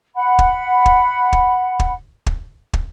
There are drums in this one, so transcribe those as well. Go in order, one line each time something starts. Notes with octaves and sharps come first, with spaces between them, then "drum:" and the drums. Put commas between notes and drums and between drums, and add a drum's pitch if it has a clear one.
F#5 B5
drum: kick
drum: kick
drum: kick
drum: kick
drum: kick
drum: kick